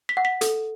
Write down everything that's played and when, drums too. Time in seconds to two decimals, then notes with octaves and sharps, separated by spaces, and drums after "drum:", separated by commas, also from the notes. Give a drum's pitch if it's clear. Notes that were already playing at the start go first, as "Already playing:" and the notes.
0.09 B6
0.17 F#5
0.25 B6
0.41 A4, drum: hi-hat